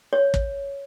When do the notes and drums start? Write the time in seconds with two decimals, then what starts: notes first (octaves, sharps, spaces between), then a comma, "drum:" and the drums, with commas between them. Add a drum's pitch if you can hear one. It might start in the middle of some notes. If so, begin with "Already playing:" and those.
0.13 C#5
0.34 drum: kick